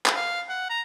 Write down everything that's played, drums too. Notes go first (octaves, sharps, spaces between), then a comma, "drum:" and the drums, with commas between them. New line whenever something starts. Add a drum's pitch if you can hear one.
drum: clap
F5
F#5
A#5